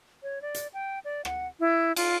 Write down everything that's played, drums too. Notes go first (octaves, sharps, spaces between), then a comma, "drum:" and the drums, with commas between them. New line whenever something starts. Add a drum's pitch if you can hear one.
C#5
D5
drum: hi-hat
G5
D5
F#5, drum: rim click
E4
F4, drum: cymbal